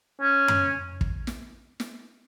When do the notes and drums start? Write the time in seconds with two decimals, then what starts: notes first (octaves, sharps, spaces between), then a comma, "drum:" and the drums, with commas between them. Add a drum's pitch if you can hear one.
0.21 C#4
0.48 drum: tom F#2
1.01 drum: kick
1.27 drum: snare
1.80 drum: snare